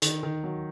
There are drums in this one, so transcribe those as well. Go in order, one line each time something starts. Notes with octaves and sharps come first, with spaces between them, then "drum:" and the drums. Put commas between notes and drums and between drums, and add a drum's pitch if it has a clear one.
D#3, drum: hi-hat
D#3
F#3